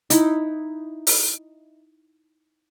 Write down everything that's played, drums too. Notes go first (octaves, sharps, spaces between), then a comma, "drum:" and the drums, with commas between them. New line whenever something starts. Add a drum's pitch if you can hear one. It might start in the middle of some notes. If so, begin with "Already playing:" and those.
D#4 E4, drum: hi-hat
drum: open hi-hat